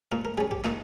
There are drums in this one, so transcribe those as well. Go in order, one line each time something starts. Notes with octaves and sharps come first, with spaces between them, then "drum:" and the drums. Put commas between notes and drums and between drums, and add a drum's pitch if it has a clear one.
A#2 A#4
A#4
G3 C#4 G#4
G4, drum: kick
A#2 D#4, drum: clap